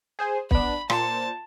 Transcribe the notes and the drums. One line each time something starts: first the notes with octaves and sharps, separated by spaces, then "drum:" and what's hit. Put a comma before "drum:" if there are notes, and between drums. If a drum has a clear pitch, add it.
G#4 C5 G#5
B3 D4 B5, drum: kick
A#2 C5 A5 C#7, drum: rim click